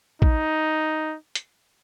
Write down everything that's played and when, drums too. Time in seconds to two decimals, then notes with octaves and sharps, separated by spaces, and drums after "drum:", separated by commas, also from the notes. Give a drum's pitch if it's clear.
0.22 D#4, drum: kick
1.35 drum: hi-hat